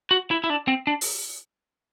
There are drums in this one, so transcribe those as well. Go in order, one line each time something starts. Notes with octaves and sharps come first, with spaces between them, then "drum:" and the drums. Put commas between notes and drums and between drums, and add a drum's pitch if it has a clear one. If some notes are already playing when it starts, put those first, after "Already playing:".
F#4
E4
E4
D4
C4
D4
drum: open hi-hat